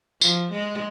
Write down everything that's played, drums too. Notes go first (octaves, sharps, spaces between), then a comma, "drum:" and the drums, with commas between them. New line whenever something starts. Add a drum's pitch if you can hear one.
F3, drum: tambourine
G#3